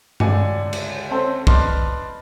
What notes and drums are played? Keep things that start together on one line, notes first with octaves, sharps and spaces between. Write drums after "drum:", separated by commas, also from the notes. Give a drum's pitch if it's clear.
C#2 D3 D4 D5 G#5 C#7, drum: tom G2
drum: cymbal
C4 C#4 A4 C5
B4 D5 D#5 A5 C6 F6, drum: kick